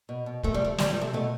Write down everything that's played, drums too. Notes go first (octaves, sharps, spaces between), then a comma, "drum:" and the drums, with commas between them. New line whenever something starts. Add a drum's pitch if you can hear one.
B2
B2
C3 A3, drum: kick
G3
F3 A3
F3 G3, drum: snare
G3
C3 A3
B2 A3